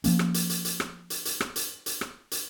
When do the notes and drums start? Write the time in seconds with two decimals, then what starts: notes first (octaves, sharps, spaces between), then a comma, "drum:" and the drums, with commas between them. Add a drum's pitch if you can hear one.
0.04 F3 A#3 C#4, drum: hi-hat
0.19 drum: rim click
0.34 drum: hi-hat
0.49 drum: hi-hat
0.65 drum: hi-hat
0.80 drum: rim click
1.10 drum: hi-hat
1.25 drum: hi-hat
1.40 drum: rim click
1.56 drum: hi-hat
1.86 drum: hi-hat
2.01 drum: rim click
2.31 drum: hi-hat